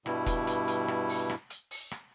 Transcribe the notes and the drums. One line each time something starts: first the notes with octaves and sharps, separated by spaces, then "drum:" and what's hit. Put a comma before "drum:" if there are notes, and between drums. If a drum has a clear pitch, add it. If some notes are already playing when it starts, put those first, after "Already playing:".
G2 B2 G3 E4, drum: rim click
drum: kick E1, hi-hat
drum: hi-hat
drum: hi-hat
drum: rim click
drum: open hi-hat
drum: rim click
drum: hi-hat
drum: open hi-hat
drum: rim click